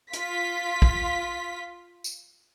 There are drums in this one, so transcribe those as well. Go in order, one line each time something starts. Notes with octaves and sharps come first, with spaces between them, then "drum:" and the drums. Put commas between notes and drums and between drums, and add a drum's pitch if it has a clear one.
F4 B6, drum: hi-hat
drum: kick
drum: tambourine